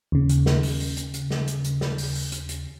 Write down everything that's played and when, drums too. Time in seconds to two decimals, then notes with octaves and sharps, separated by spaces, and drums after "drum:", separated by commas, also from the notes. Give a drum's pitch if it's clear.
0.12 D#2 C#3
0.29 drum: hi-hat
0.46 drum: snare
0.63 drum: open hi-hat
0.80 drum: open hi-hat
0.97 drum: hi-hat
1.14 drum: hi-hat
1.31 drum: snare
1.47 drum: hi-hat
1.64 drum: hi-hat
1.81 drum: snare
1.98 drum: open hi-hat
2.15 drum: open hi-hat
2.32 drum: hi-hat
2.49 drum: hi-hat